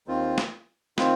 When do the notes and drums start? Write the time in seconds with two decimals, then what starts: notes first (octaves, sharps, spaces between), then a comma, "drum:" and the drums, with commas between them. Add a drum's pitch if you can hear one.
0.07 D#2 D#3 C4 F4
0.38 drum: snare
0.98 D#3 C4 F4, drum: snare